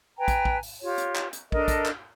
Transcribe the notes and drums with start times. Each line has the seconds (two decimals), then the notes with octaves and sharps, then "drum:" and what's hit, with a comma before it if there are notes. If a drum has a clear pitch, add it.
0.18 B4 G5 G#5 A#5
0.28 drum: kick, hi-hat
0.45 drum: kick
0.63 drum: open hi-hat
0.80 F4 G4 C#5
0.98 drum: hi-hat
1.15 drum: clap
1.33 drum: hi-hat
1.52 D4 A4 A#4 D#5, drum: kick
1.68 drum: kick, hi-hat
1.85 drum: clap